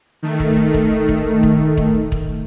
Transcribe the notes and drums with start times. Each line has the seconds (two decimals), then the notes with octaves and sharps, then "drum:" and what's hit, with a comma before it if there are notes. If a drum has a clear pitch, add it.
0.23 D#3 A3
0.40 drum: kick
0.74 drum: kick
1.09 drum: kick
1.43 drum: kick
1.77 drum: kick
2.12 drum: kick